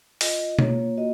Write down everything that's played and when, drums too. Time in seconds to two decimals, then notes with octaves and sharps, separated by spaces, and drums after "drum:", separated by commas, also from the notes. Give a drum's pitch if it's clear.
0.21 F4 D#5, drum: open hi-hat
0.59 A#3 C#5, drum: tom B2
0.97 F#4 D#5